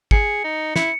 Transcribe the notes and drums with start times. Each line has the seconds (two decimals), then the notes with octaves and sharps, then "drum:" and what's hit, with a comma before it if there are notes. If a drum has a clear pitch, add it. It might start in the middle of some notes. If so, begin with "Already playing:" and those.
0.11 G#4 C#7, drum: kick
0.44 D#4
0.76 E4 C#7, drum: snare